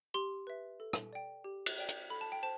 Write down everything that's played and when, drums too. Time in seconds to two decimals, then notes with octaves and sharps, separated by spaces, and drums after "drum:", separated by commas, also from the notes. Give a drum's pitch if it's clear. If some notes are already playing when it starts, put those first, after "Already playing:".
0.14 G4 C6
0.47 B4 E5
0.80 A4
0.93 drum: rim click
1.13 D5 G5
1.44 G4
1.66 drum: cymbal
1.78 D5 G5
1.89 drum: hi-hat
2.10 A4 B5
2.21 A5
2.32 G5
2.43 C5 A5